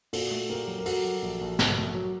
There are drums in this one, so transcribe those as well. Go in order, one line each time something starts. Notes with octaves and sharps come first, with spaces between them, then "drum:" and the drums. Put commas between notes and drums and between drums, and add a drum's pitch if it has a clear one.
A#2 F#4 A4, drum: open hi-hat
A3
A#2 G4 A#4
F#3
A#4
F#3 F#4 A4, drum: open hi-hat
F#3
A#1
A#1
A#1, drum: snare
A3
F#3